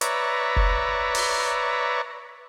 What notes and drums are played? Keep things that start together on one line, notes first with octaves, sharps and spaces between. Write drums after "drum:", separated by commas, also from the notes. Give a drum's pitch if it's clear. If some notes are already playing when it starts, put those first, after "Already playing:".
B4 C#5 D5 E5 A#5, drum: hi-hat
drum: kick F1
drum: open hi-hat